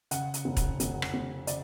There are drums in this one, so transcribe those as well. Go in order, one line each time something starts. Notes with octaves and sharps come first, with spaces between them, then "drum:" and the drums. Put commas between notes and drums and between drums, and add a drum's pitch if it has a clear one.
C#3 F#5, drum: hi-hat
drum: hi-hat
F1
drum: kick, hi-hat
F1, drum: hi-hat
drum: rim click
F1
C#3 D5, drum: hi-hat